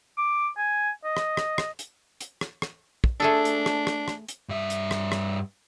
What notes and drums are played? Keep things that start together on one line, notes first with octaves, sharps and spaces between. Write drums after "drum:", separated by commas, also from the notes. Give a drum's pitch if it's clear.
D6
G#5
D#5
drum: rim click
drum: rim click
drum: rim click
drum: hi-hat
drum: hi-hat
drum: rim click
drum: rim click
drum: kick
A3 D4 G#4 A4
drum: hi-hat
drum: rim click
drum: rim click
drum: rim click
drum: hi-hat
G2 E5
drum: hi-hat
drum: rim click
drum: rim click